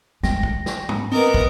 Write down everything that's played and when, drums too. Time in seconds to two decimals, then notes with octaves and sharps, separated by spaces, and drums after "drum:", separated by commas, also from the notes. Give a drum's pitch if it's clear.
0.23 G#3 G5 A#6, drum: snare
0.43 drum: kick
0.66 drum: snare
0.89 drum: tom G#2
1.12 B3 C4 A#4 D#5 D6
1.34 drum: kick